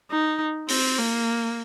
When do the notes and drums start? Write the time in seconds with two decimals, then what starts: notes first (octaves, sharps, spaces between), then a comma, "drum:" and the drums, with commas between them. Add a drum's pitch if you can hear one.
0.11 D#4
0.68 C4, drum: open hi-hat
0.98 A#3